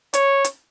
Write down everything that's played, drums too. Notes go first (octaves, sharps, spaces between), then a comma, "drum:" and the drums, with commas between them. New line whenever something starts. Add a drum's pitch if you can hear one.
C#5, drum: hi-hat
drum: hi-hat